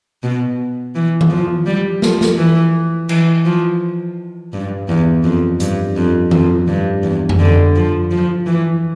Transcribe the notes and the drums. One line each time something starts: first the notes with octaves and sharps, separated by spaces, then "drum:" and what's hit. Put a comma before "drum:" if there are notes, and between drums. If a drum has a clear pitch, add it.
B2
E3
drum: tom D#3
F3
G3
F3, drum: snare
drum: snare
E3
E3, drum: cymbal
F3
G2
E2
F2
G2, drum: hi-hat
F2
F2, drum: tom D#3
G2
E2
drum: tom F2
D3
F3
F3
E3